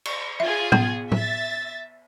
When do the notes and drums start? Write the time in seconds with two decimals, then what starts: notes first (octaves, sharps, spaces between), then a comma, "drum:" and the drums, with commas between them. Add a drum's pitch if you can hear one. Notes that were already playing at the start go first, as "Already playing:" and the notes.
0.05 drum: cymbal
0.40 F4 G#4 E5 G#6
0.72 B3, drum: tom A2
1.12 E5 A6, drum: tom A2